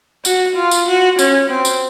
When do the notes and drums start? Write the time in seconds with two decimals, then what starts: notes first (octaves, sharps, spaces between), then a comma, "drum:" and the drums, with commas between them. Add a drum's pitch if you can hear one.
0.25 F#4, drum: tambourine
0.56 F4
0.71 drum: tambourine
0.87 F#4
1.19 C#4, drum: tambourine
1.49 C4
1.65 drum: tambourine